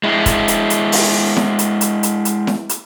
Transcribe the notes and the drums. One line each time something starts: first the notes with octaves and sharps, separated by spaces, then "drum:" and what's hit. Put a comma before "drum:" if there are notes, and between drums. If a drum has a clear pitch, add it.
G#3 E4
drum: kick, hi-hat
drum: hi-hat
drum: hi-hat
drum: open hi-hat
drum: snare E4
drum: hi-hat
drum: hi-hat
drum: hi-hat
drum: hi-hat
drum: snare E4
drum: hi-hat